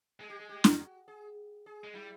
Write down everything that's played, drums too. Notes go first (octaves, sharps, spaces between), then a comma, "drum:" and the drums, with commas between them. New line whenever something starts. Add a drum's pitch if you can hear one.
G#3 G#4
G4
G#4
G4
drum: snare
F#4
G#4
G#4
G#3
G3 E4